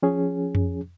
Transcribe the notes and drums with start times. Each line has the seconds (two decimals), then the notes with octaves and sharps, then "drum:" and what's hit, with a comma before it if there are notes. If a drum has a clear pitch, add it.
0.02 F3 C#4 G#4
0.55 drum: tom F2